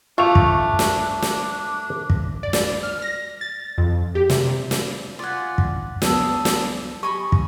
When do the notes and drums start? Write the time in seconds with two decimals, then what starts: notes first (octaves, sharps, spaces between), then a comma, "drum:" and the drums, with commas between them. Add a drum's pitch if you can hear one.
0.18 A3 D4 F4 C#6 F7
0.35 drum: kick
0.79 drum: snare
1.22 drum: snare
2.10 drum: kick
2.43 D5
2.53 drum: snare
2.83 F6
3.02 A#6
3.41 A6
3.78 F2
4.15 G4
4.30 C3, drum: snare
4.71 drum: snare
5.19 C#4 F4 D5 F#5
5.58 drum: kick
6.02 C#2 F#3 B3 G#4 A4, drum: snare
6.45 drum: snare
7.03 G4 D#5 G#5 B5 C#6
7.32 drum: kick